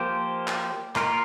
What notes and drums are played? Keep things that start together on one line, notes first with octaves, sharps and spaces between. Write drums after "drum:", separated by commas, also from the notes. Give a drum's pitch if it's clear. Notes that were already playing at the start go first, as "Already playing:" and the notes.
Already playing: F3 A#3 G4 C5
drum: clap
A#3 F4 A#4, drum: clap